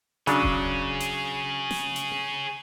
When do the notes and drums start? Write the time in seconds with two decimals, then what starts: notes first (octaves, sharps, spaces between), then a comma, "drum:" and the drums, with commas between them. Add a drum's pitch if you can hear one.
0.27 C#3 F#3 D4 G#4 C#5, drum: hi-hat
0.43 drum: kick E1
1.00 drum: hi-hat
1.71 drum: snare
1.96 drum: hi-hat